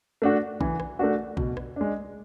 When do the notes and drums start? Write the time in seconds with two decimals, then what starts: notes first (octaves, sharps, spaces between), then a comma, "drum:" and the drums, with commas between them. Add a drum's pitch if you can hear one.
0.22 A3 D4 F#4
0.61 E3, drum: kick A#1
0.80 drum: rim click
0.99 A3 D4 F#4
1.37 B2, drum: kick A#1
1.57 drum: rim click
1.76 G#3 D4